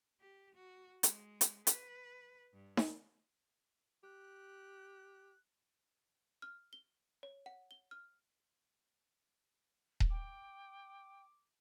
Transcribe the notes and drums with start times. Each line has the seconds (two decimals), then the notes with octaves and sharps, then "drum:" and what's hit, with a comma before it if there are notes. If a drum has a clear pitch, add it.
0.21 G4
0.55 F#4
1.03 G#3, drum: hi-hat
1.41 drum: hi-hat
1.67 B4, drum: hi-hat
2.53 G2
2.77 drum: snare D#4
4.04 G4 F#6
6.42 F6
6.73 G7
7.23 C#5
7.46 F#5
7.71 G7
7.91 F6
10.00 drum: kick D#1
10.10 G5 D6